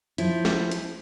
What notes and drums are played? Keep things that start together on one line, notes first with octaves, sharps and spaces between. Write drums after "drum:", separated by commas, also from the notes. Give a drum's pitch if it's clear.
F3 E4, drum: hi-hat
drum: snare
drum: hi-hat